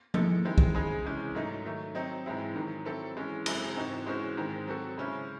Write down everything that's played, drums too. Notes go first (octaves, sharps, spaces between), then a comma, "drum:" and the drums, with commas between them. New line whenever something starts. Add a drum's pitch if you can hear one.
E3 G#3 D#4 A4, drum: tom F3
D#3 G#3 C4 E4
drum: kick
C#3 G#3 D#4 G#4 C5
C3 E3 G#3 C#4
G#2 F#3 A3 D#4
D#3 F#3 A3
F#3 C4 D#4
G#2 E3 G#3 C4 E4
G#2 D#3 F#3
F#3 C4 E4 A4
E3 G#3 C#4
F#2 C#3 G#3 C4 E4, drum: cymbal
G#2 E3 C4 D#4 F#4
E3 G#3 C#4 F#4 C5
G#2 D#3 G#3 C4
F#3 C4 F#4 A4
C#3 G#3 C#4 E4 C5